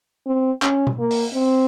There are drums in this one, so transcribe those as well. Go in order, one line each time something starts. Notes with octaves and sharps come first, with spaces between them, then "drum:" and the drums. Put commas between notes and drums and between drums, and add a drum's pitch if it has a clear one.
C4
C#4, drum: clap
drum: tom B2
A#3
drum: open hi-hat
C4